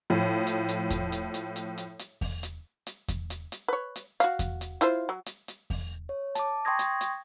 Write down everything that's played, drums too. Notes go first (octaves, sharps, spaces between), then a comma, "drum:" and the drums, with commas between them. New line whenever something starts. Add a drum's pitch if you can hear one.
A2 F3
drum: hi-hat
drum: hi-hat
drum: kick E2, hi-hat
drum: hi-hat
drum: hi-hat
drum: hi-hat
drum: hi-hat
drum: hi-hat
drum: kick E2, open hi-hat
drum: hi-hat
drum: hi-hat
drum: kick E2, hi-hat
drum: hi-hat
drum: hi-hat
B4 C#5
drum: hi-hat
F#4 F5, drum: hi-hat
drum: kick E2, hi-hat
drum: hi-hat
E4 F4 C5, drum: hi-hat
F#3
drum: hi-hat
drum: hi-hat
drum: kick E2, open hi-hat
C#5
A5 D6, drum: hi-hat
G5 C6 C#6 D#6 G#6 A#6
drum: hi-hat
drum: hi-hat